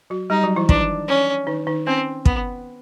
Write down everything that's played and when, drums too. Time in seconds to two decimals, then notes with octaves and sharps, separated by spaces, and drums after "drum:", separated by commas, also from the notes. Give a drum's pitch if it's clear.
0.10 F#3 F#4
0.30 G3 D#4 G4
0.44 F#3 F#4
0.56 E3 E4
0.69 D#3 D4 D#4, drum: kick
1.08 C#4
1.47 D#3 D#4
1.67 D#3 D#4
1.87 C4 C#4
2.25 B3, drum: kick